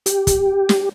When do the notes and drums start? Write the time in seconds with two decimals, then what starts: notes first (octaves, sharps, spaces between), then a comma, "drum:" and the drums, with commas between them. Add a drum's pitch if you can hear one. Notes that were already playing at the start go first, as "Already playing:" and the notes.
0.06 G4, drum: hi-hat
0.27 drum: kick, hi-hat
0.69 drum: snare